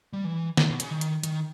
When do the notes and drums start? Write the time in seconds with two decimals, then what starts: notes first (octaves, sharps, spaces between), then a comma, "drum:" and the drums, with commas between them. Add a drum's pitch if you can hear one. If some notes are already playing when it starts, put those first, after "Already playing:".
0.13 G3
0.24 E3
0.57 drum: snare
0.70 B2
0.80 C#3, drum: hi-hat
0.90 D#3
1.01 drum: hi-hat
1.23 D#3, drum: hi-hat